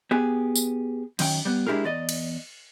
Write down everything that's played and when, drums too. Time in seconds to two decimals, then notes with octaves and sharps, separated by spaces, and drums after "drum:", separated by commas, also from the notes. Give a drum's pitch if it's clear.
0.11 B3 G4 G#4
0.56 drum: tambourine
1.19 F#2 D#3 C#4 G5, drum: cymbal
1.45 G3 B3
1.67 G#3 D4 E4 G4 G#4 A#4
1.84 E2 D5 D#5
2.09 drum: cymbal